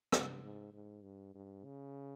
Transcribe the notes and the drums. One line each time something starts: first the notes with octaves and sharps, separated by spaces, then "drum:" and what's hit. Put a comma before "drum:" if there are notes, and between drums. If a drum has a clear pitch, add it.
G2, drum: rim click
G#2
G#2
G2
G2
C#3